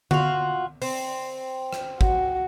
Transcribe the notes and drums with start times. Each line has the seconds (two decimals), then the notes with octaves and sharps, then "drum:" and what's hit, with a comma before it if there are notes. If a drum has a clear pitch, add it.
0.11 F4 F#4, drum: tom D3
0.82 C4, drum: open hi-hat
1.73 drum: rim click
2.01 F#4, drum: kick G#1